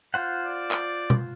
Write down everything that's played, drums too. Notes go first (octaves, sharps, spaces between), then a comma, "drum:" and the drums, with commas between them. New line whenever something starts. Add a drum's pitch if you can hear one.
F4 C5 F#5
D5
drum: clap
drum: tom B2